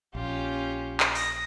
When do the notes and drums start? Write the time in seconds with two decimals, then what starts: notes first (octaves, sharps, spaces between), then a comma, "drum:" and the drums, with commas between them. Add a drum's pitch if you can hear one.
0.15 A#1 C#4 F4 G4
1.00 drum: clap
1.15 D#6 A#6, drum: open hi-hat